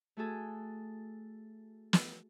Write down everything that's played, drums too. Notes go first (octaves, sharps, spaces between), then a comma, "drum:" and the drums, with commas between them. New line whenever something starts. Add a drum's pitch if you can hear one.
A3 F#4 G#4 A4
drum: snare